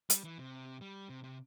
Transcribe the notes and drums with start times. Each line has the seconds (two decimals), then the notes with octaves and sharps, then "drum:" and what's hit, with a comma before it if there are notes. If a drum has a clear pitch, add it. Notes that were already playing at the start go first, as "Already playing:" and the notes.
0.10 G3, drum: hi-hat
0.24 E3
0.39 C3
0.81 G3
1.09 C3
1.24 C3